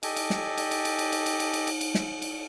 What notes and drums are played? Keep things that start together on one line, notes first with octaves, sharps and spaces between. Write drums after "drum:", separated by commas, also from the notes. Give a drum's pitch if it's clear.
G4 A4 D#5 G#5, drum: cymbal
drum: cymbal
drum: snare
drum: cymbal
drum: cymbal
drum: cymbal
drum: cymbal
drum: cymbal
drum: cymbal
drum: cymbal
drum: cymbal
drum: cymbal
drum: cymbal
drum: snare
drum: cymbal